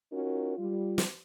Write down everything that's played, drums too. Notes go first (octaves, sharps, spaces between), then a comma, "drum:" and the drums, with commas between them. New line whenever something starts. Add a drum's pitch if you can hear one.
C#4 D#4 F4 F#4 A#4
G3 F4
drum: snare